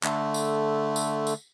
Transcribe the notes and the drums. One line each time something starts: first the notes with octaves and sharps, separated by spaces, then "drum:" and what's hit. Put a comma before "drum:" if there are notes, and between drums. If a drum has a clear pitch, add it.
D3 A3, drum: clap
drum: tambourine
drum: tambourine
drum: tambourine